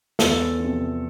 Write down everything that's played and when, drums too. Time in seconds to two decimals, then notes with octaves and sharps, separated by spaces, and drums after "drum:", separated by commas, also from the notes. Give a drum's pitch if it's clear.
0.19 E2 A4, drum: snare
0.60 C3 F3